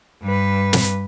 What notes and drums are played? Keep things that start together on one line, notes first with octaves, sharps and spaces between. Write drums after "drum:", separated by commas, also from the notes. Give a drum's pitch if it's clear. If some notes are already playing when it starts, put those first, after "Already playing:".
G2 B4
drum: snare